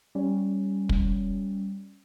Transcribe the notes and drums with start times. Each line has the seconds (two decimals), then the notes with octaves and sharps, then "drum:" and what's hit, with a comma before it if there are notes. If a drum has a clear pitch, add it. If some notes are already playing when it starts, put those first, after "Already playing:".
0.15 G3 C#4
0.89 drum: kick